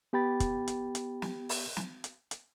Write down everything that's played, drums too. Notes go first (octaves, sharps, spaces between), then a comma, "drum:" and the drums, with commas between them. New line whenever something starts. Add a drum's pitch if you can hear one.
B3 G4 G5 B5 A6
drum: kick, hi-hat
drum: hi-hat
drum: hi-hat
drum: snare
drum: open hi-hat
drum: snare
drum: hi-hat
drum: hi-hat